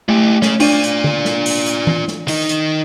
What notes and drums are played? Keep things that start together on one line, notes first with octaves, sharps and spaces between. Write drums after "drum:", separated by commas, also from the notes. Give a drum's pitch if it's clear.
A3 E4 G4
C#4 G#4, drum: snare
D4 F4 D5 D#7, drum: open hi-hat
drum: hi-hat
drum: tom D3
drum: snare
drum: open hi-hat
drum: hi-hat
drum: tom E3
drum: snare
D#3 D#4, drum: open hi-hat
drum: hi-hat